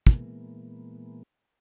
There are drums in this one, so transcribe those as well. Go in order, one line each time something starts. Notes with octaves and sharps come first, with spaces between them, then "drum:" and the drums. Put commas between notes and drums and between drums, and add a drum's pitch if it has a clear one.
A#2 E3 G#3 A#3 B3, drum: kick